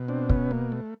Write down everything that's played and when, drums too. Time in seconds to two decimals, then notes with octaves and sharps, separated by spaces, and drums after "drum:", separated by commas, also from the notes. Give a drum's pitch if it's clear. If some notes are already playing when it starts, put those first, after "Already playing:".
Already playing: B2
0.08 C4 D4
0.29 B3 C#4, drum: kick
0.51 A#3
0.72 A3